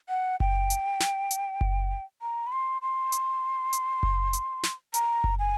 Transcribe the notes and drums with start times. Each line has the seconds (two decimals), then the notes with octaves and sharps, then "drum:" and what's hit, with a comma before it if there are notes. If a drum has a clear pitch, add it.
0.09 F#5
0.40 G5, drum: kick F#1
0.70 drum: hi-hat
1.00 drum: snare
1.31 drum: hi-hat
1.61 drum: kick F#1
2.22 A#5
2.47 B5
2.52 C6
2.82 C6
3.12 drum: hi-hat
3.73 drum: hi-hat
4.03 drum: kick F#1
4.33 drum: hi-hat
4.63 drum: snare
4.94 A#5, drum: hi-hat
5.24 drum: kick F#1
5.39 G#5